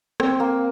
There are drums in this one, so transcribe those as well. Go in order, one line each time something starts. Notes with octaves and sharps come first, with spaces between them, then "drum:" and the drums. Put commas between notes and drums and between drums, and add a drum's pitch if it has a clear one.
C4, drum: rim click
A#3